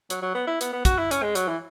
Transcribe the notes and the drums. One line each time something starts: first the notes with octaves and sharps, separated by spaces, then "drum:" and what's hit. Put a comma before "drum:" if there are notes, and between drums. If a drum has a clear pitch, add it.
F#3, drum: hi-hat
F#3
B3
E4
B3, drum: hi-hat
B3
F#4, drum: kick, hi-hat
E4
C#4, drum: hi-hat
G#3
F#3, drum: hi-hat
E3